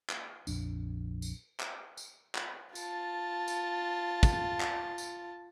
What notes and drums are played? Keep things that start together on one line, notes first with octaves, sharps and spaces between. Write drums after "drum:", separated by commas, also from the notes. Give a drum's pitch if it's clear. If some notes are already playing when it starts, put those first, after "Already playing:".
drum: clap
A#1 F2 D4, drum: tambourine
drum: tambourine
drum: clap
drum: tambourine
drum: clap
F4 A5, drum: tambourine
drum: tambourine
drum: kick, tambourine
drum: clap
drum: tambourine